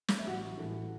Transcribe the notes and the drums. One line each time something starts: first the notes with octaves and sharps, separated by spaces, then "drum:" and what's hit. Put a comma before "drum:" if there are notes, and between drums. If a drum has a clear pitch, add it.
drum: snare
E5
A1 F#4 F#5
A2 E3